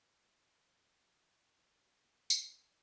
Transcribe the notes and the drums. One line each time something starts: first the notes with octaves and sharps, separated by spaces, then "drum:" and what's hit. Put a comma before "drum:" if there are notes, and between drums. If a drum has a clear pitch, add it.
E2 D#4
drum: tambourine